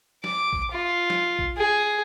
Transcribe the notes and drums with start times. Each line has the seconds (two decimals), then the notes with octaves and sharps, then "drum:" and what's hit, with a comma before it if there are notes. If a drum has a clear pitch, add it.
0.24 D6, drum: snare
0.53 drum: kick A#1
0.71 F4
1.10 drum: snare
1.39 drum: kick A#1
1.57 G#4